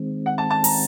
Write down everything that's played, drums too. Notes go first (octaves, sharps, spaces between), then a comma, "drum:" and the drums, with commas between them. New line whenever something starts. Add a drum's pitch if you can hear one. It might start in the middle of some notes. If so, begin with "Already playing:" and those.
Already playing: D#3 G#3 C4
F#5
A5
A5
A#5, drum: open hi-hat